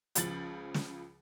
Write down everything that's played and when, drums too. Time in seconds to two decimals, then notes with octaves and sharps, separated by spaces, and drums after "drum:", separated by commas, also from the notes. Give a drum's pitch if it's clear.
0.15 C#2 C#3 F3 A6 F#7, drum: hi-hat
0.74 drum: snare